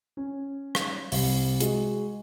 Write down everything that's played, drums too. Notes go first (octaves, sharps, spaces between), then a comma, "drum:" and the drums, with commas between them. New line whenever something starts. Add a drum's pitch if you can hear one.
C#4
drum: rim click
C2, drum: open hi-hat
G#3 F#4 G#4, drum: hi-hat